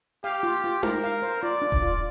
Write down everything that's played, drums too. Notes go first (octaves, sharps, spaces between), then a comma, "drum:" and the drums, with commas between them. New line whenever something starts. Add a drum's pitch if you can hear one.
G4 F5
F4
F4
A#4 C5, drum: tom D#4
F5
C5
F4 D5
D4
drum: kick D#1
F4